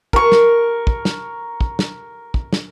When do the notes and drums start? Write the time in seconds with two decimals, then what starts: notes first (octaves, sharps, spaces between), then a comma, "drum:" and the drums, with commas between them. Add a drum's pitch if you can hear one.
0.13 A#4 C#6, drum: kick
0.32 drum: snare
0.87 drum: kick
1.05 drum: snare
1.61 drum: kick
1.79 drum: snare
2.34 drum: kick
2.53 drum: snare